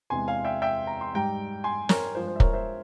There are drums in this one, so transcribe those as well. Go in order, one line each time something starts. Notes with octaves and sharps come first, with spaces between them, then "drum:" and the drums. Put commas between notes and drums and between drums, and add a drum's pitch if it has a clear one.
E2 C3 E3 G#3 G#5 C6
F5 G#5
E5 G5
E5 G5
A#5
C6
G#2 G3 G5 A#5
G#5 C6
A#4 C#5, drum: snare
G2 F3 G#3 C5
C5
E5
A#4 C#5, drum: kick
C5 E5